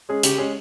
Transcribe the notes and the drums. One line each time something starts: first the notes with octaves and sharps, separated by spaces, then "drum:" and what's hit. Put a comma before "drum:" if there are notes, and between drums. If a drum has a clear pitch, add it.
G#3 C#4 G#4
C#3 G4, drum: hi-hat
G#3 C#4 G#4